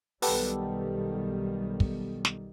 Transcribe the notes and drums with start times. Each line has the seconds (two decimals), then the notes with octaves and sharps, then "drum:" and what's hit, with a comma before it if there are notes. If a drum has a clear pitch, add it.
0.22 B1 D#3 G3 B3 G4 A4, drum: open hi-hat
1.80 drum: kick
2.25 drum: snare